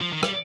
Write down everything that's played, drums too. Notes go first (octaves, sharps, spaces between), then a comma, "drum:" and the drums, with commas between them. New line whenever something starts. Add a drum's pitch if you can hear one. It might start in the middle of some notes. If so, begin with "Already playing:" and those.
F3
D#3
G3, drum: rim click